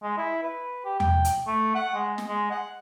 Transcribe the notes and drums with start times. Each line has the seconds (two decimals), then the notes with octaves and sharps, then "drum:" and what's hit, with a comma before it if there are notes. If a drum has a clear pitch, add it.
0.03 G#3
0.17 E4
0.43 B4
0.85 G4
1.00 G5, drum: tom E2
1.25 drum: hi-hat
1.47 A3
1.75 F#5
1.95 G#3
2.18 drum: snare
2.28 G#3
2.51 F#5